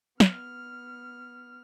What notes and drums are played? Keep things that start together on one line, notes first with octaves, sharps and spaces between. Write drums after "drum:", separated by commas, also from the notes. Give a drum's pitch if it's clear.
B3 F6, drum: snare